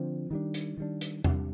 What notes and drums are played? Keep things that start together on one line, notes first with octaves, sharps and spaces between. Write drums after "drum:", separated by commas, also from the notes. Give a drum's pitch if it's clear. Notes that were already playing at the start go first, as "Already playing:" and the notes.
Already playing: D3 F3 C4
D#3 G3 D4
drum: hi-hat
D#3 G3 D4
drum: hi-hat
C3 G3 D4, drum: tom E2